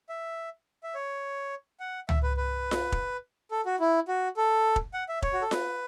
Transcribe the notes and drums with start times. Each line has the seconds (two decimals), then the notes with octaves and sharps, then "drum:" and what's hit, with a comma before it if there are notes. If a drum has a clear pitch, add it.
0.09 E5
0.83 E5
0.95 C#5
1.80 F#5
2.09 E5, drum: tom
2.23 B4
2.37 B4
2.71 drum: snare F4
2.92 drum: kick
3.51 A4
3.66 F#4
3.80 E4
4.08 F#4
4.37 A4
4.76 drum: kick
4.94 F#5
5.09 E5
5.22 C#5, drum: kick
5.33 F#4
5.42 A4
5.51 B4, drum: snare F4